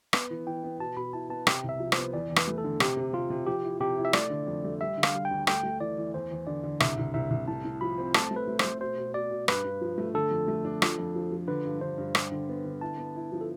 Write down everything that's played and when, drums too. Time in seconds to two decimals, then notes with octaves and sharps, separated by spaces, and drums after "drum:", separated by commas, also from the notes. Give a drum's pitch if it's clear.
0.13 B3, drum: rim click
0.30 E3
0.47 E3 G5
0.64 B3
0.79 B2 A5
0.97 B2 B5
1.13 E4 A5
1.30 B3 A5
1.47 C3 G5, drum: rim click
1.64 C2
1.69 E5
1.80 F3
1.92 C5, drum: rim click
1.97 B3
2.13 E2 D5
2.30 E2
2.36 B4, drum: rim click
2.47 A3
2.58 A4
2.64 D3
2.80 C3 G4, drum: rim click
2.97 C3
3.13 C3 F4
3.30 C3
3.46 F3 G4
3.64 E4
3.80 C3 G4
3.97 E4
4.05 E5
4.13 A3 D5, drum: rim click
4.30 D3
4.47 F2
4.64 A3
4.80 G3 E5
4.97 D3
5.03 F5, drum: rim click
5.14 G3
5.25 G5
5.31 D2
5.47 A3 G5, drum: rim click
5.63 A3
5.80 E3 D5
5.97 E3
6.14 E2 C5
6.31 E2
6.47 D3 D5
6.63 D3
6.80 C2 E5, drum: rim click
6.97 C2
7.14 C2 E5
7.30 C2
7.48 A2 A5
7.65 A2
7.81 F3 B5
7.98 C4
8.14 A3 A5, drum: rim click
8.31 A3
8.36 B4
8.48 A3
8.59 C5, drum: rim click
8.64 A3
8.80 B2 C5
8.98 B2
9.14 B2 D5
9.31 B2
9.48 G2 B4, drum: rim click
9.64 G2
9.81 F3
9.98 A3
10.14 D3 A4
10.31 F2
10.48 A3
10.65 D4
10.82 F3, drum: rim click
10.98 F2
11.15 F3
11.32 F3
11.48 D3 B4
11.65 G2
11.81 D3 C5
11.98 G2
12.15 G3, drum: rim click
12.32 D3
12.49 B3
12.65 D3
12.81 E4 A5
12.98 B3
13.15 E4
13.32 F3
13.41 A4